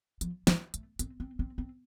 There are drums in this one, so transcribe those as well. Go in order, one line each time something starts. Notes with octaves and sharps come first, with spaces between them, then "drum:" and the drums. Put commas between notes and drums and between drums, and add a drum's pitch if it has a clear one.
F3, drum: hi-hat
G3, drum: snare
A3, drum: hi-hat
C4, drum: hi-hat
C4
C4
C4